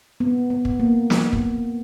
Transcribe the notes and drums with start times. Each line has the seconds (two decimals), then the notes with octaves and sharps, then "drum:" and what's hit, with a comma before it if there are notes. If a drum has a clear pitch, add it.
0.20 B3
0.50 B3
0.65 drum: kick
0.80 A#3
1.10 drum: snare
1.33 drum: kick